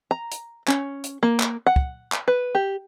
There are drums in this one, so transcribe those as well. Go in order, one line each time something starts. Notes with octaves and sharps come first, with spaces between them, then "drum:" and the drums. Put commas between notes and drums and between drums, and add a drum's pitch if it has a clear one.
A#5
drum: hi-hat
C#4, drum: clap
drum: hi-hat
A#3
drum: clap
F#5
drum: kick
drum: clap
B4
G4